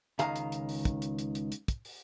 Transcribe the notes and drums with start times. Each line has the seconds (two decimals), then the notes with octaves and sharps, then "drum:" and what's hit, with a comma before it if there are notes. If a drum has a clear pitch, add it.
0.19 C#2 D#3 F5 A#5, drum: hi-hat
0.36 drum: hi-hat
0.52 drum: hi-hat
0.69 drum: open hi-hat
0.85 drum: kick, hi-hat
1.02 drum: hi-hat
1.19 drum: hi-hat
1.35 drum: hi-hat
1.52 drum: hi-hat
1.68 drum: kick, hi-hat
1.85 drum: open hi-hat